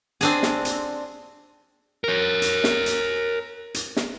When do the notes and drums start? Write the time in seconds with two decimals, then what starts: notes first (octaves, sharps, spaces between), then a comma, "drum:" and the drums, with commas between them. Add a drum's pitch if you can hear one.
0.21 C4 D4 G#4, drum: hi-hat
0.43 drum: snare
0.65 drum: hi-hat
2.04 A#4 C#5
2.42 drum: hi-hat
2.64 drum: snare
2.86 drum: hi-hat
3.74 drum: hi-hat
3.97 drum: snare